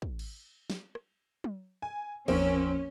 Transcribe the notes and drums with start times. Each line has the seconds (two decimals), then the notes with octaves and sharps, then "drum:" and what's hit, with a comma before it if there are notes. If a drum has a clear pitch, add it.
0.02 drum: kick
0.19 drum: cymbal
0.70 drum: snare
0.95 drum: rim click
1.44 drum: tom F#3
1.82 G#5
2.28 G#1 E2 F3 A#3 C4 C#4, drum: cymbal